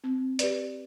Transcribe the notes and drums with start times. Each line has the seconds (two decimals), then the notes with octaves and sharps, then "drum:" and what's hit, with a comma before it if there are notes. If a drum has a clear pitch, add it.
0.04 C4
0.39 G4 B4 D5, drum: hi-hat